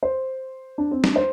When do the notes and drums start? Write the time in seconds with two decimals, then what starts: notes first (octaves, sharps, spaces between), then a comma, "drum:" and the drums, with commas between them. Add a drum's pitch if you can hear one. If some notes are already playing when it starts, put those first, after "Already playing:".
0.03 C5
0.78 D4
0.91 C4
1.04 D4, drum: snare
1.16 C5